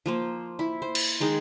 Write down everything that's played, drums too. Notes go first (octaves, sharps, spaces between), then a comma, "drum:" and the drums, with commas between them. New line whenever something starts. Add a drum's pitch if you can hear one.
F3 A#3 C5
E4
C5
drum: cymbal
D#3 G#3 D#4 G#4